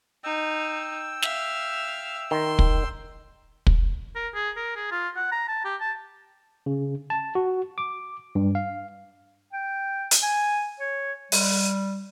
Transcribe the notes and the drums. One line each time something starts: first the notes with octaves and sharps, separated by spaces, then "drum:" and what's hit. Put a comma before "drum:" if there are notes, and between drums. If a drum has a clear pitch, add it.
D#4 G5 E6
E5 F5, drum: snare
D#3 C6
drum: kick
drum: kick
A#4
G#4
A#4
G#4
F4
F#5
A#5
A5
G4
A5
C#3
A5
F#4
D6
G2
F5
G5
drum: hi-hat
G#5
C#5
G3, drum: open hi-hat